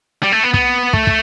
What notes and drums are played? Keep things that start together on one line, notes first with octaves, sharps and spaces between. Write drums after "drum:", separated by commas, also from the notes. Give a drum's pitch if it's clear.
G3
A3
B3
B3, drum: kick
A3, drum: kick
drum: kick